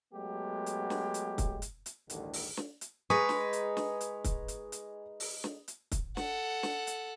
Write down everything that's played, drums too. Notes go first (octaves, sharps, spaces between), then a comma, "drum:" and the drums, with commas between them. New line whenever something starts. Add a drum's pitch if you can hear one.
F#3 G#3 A3 B3 G4
drum: hi-hat
drum: snare
drum: hi-hat
drum: kick, hi-hat
drum: hi-hat
drum: hi-hat
A1 D2 G2 D3 D#3, drum: hi-hat
drum: open hi-hat
drum: snare
drum: hi-hat
G#3 D#4 B4 G#5 C#6 D#6
drum: snare
drum: hi-hat
drum: snare
drum: hi-hat
drum: kick, hi-hat
drum: hi-hat
drum: hi-hat
drum: open hi-hat
drum: snare
drum: hi-hat
drum: kick, hi-hat
A4 F#5, drum: snare
drum: snare
drum: hi-hat